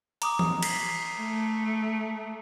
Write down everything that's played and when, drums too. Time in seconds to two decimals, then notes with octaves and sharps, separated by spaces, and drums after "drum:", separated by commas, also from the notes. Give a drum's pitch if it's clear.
0.22 A#5 D6 D#6, drum: hi-hat
0.39 drum: tom E3
0.63 B6 C7, drum: cymbal
1.17 A3